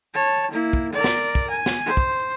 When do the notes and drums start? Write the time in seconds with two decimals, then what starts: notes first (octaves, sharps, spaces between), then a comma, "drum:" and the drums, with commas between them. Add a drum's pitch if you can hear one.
0.14 C#5 A5
0.51 A#3 E4
0.73 drum: kick
0.93 A#4 D5
1.04 drum: snare
1.35 drum: kick
1.51 G#5
1.66 drum: snare
1.86 C5
1.97 drum: kick